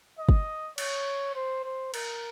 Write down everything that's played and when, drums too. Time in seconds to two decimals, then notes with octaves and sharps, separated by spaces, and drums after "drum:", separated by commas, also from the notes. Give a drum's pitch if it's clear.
0.19 D#5
0.29 drum: kick
0.78 C#5, drum: cymbal
1.35 C5
1.64 C5
1.94 A#4, drum: cymbal